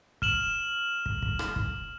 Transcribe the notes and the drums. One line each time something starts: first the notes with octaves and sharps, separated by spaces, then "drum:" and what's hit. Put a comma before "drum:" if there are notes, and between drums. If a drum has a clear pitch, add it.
F6 E7 F#7, drum: kick
drum: kick
drum: kick
drum: rim click
drum: kick